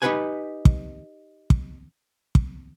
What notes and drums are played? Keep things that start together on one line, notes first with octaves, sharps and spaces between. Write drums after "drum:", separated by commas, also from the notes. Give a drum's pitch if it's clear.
D#4 G4 A4 B4 F#5 G#5
drum: kick
drum: kick
drum: kick